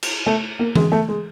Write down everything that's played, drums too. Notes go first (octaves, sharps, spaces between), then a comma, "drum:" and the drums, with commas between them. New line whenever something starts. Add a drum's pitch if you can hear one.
drum: cymbal
A3
A#3
G#3, drum: tom E3
A3
G#3